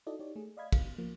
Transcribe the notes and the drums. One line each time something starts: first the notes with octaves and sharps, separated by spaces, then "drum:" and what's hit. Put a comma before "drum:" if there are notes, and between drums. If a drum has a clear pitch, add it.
D#4 E4 F#4 A4 D5 D#5
D#4 G4 C#5 D5
A3 G#4
D5 D#5 F5 B5 G#6
F5, drum: kick, cymbal
F3 A#3